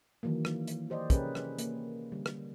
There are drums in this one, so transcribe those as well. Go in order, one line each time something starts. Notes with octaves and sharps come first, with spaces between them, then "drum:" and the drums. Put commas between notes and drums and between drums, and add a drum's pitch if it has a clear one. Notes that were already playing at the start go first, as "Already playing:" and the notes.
D#3 E3 F#3 A#3
drum: rim click
drum: hi-hat
G4 C5 D5 D#5
C3 C#4 G4 G#4 A#4 B4, drum: kick, hi-hat
drum: rim click
A#3, drum: hi-hat
D3 G3
drum: rim click